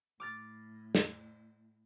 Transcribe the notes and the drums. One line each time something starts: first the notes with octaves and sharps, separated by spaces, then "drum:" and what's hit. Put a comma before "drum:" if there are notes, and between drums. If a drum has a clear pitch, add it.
A2 D6 F6 A6
drum: snare